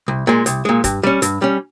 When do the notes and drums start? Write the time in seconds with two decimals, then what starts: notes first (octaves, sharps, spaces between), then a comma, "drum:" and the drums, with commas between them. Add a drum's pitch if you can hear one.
0.08 C2
0.27 A#2 G#3
0.46 C2, drum: hi-hat
0.65 A#2 G#3
0.84 G2, drum: kick, hi-hat
1.03 G3 C#4
1.22 G2, drum: hi-hat
1.42 G3 C#4